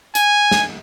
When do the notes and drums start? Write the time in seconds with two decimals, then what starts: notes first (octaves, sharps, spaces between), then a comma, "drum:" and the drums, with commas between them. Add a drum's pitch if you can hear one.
0.15 G#5, drum: hi-hat
0.51 drum: snare